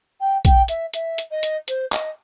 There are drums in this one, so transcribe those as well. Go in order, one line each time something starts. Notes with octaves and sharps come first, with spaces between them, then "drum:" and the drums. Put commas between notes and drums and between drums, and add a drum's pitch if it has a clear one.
G5
G5, drum: kick B1, hi-hat
E5, drum: hi-hat
E5, drum: hi-hat
drum: hi-hat
D#5
drum: hi-hat
C5, drum: hi-hat
D#5, drum: clap